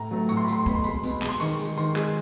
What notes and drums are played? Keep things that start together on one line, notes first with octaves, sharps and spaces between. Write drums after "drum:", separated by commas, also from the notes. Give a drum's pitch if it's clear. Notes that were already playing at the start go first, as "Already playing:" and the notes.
Already playing: A2 A#5
F#3 A3
A2 C#6, drum: tambourine
C6
B5
F#3 A3 C6, drum: tambourine
B2 B5, drum: kick
C6
G#3 B5, drum: tambourine
B2, drum: tambourine
G#3, drum: clap
C6
D#3 C#6, drum: tambourine
G#3, drum: tambourine
D#3 C6, drum: tambourine
G#3, drum: clap